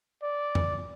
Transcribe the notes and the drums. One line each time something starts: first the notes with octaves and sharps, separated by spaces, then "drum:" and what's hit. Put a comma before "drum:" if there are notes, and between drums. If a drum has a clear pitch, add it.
D5
drum: tom F2